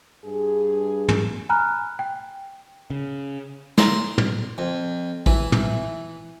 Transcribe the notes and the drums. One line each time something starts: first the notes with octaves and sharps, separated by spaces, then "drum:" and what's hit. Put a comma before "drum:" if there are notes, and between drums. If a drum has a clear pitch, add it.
G2 G#4
drum: tom
G#5 A#5 B5 F6 F#6
G5
C#3
A#5 C6, drum: snare
drum: tom
F2
E3, drum: kick
drum: tom